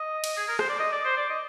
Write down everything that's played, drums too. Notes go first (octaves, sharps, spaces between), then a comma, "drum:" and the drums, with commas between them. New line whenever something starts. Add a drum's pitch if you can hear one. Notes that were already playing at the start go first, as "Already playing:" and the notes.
Already playing: D#5
drum: cymbal
G#4
A#4
C5, drum: rim click
D5
D#5
D5
C5
D5
D#5